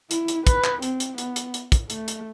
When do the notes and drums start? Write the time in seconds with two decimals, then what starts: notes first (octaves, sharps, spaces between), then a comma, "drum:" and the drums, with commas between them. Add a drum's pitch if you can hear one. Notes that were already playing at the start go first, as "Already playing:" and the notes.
0.11 E4, drum: hi-hat
0.28 drum: hi-hat
0.47 B4, drum: kick, hi-hat
0.64 drum: clap
0.82 C4, drum: hi-hat
1.00 drum: hi-hat
1.18 B3, drum: hi-hat
1.36 drum: hi-hat
1.54 drum: hi-hat
1.72 drum: kick, hi-hat
1.90 A3, drum: hi-hat
2.08 drum: hi-hat